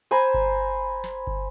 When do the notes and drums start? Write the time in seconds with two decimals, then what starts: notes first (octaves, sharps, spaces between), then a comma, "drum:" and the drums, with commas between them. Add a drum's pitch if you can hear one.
0.11 C5 G#5 A#5 B5
0.34 drum: kick G1
1.04 drum: snare
1.27 drum: kick G1